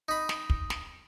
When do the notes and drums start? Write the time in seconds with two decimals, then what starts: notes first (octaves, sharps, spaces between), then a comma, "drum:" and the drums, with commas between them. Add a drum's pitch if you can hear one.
0.08 D#4 B5
0.29 drum: snare
0.50 drum: kick
0.70 drum: snare